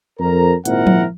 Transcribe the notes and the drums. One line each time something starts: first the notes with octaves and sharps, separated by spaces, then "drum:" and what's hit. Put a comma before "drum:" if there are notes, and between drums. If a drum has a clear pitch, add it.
F2 A#4 A#5
G#1 A#2 C4 E4 A#4 F#5, drum: hi-hat
drum: tom F3